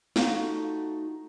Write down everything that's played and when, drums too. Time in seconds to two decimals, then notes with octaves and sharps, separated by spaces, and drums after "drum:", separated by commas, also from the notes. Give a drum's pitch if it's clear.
0.16 A3 D#4 F4 F#4 A4 F5, drum: snare